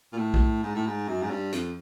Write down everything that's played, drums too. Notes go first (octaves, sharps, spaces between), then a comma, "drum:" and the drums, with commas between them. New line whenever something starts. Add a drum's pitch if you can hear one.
A#2
A2
drum: kick
G#2
A2
G#2
F#2
G#2
G2
F2, drum: hi-hat